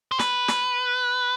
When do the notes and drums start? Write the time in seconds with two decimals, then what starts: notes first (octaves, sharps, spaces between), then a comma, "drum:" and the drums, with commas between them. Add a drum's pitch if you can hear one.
0.12 C5
0.19 B4, drum: snare
0.48 drum: snare